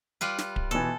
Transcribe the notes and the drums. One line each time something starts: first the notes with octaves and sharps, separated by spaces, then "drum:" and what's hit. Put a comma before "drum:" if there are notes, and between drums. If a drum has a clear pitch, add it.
G3 F4 B4
drum: snare
drum: kick D1
B2 E3 A4